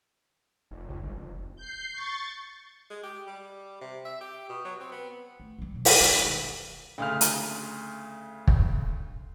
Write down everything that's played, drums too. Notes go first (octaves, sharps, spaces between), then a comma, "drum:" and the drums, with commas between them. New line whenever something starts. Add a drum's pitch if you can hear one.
F1
C#2
G1
F1
G6 C7
C#6 A6
G#3
G4
G3
C3
E5
G4
B2
F#3
C4
B3
A3
G2 G3
B2 F#3
drum: open hi-hat
G3 G#3
D#3
E1
D2 C#3 F6
drum: hi-hat
drum: kick